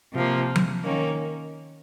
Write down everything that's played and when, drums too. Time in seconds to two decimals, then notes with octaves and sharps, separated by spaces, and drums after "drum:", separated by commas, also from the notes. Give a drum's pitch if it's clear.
0.14 C3 F3 A#3
0.56 drum: tom F3
0.83 D#3 A#3 C#4